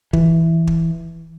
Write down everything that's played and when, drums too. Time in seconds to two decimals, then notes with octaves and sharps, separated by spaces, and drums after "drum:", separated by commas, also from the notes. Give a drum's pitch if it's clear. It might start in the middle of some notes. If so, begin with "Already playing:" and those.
0.13 E3, drum: kick
0.67 drum: kick